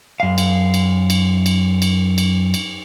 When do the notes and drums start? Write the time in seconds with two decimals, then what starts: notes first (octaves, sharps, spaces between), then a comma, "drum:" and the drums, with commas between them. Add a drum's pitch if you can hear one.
0.20 F#2 F5
0.38 drum: cymbal
0.74 drum: cymbal
1.10 drum: cymbal
1.46 drum: cymbal
1.82 drum: cymbal
2.18 drum: cymbal
2.54 drum: cymbal